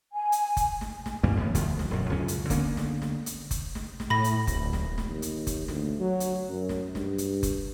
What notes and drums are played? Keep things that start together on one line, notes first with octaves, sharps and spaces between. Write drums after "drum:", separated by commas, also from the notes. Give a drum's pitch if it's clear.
G#5
drum: hi-hat
drum: kick F#1, hi-hat
drum: snare
drum: snare
C#2 G2 G3 A#3
E2 A2 D#3 B3
D2 D#3 F3, drum: kick F#1, hi-hat
drum: snare
E1 F#2 B2
C#2 F#2 A2 C#4
drum: hi-hat
D3 A#3 B3 C#4, drum: kick F#1, hi-hat
drum: snare
drum: snare
drum: hi-hat
drum: kick F#1, hi-hat
drum: snare
drum: snare
A2 B5 A#6
drum: hi-hat
D1, drum: kick F#1, hi-hat
drum: snare
drum: snare
D#2
drum: hi-hat
drum: kick F#1, hi-hat
D2, drum: snare
F#3
drum: hi-hat
F#2
drum: snare
G2, drum: snare
drum: hi-hat
drum: kick F#1, hi-hat